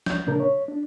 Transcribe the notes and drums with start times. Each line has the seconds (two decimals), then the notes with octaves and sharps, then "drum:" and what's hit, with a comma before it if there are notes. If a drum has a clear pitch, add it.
0.06 G6, drum: snare
0.27 A#2 C#3 D4 A#4
0.40 C#5
0.68 D4